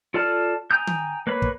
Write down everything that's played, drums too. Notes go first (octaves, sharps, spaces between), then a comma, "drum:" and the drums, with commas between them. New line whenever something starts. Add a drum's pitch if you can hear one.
F4 A4 D5 A5 F6
G5 G#5 A#5 D#6 G6
drum: tom D#3
A#3 B4 C#5 B5
drum: kick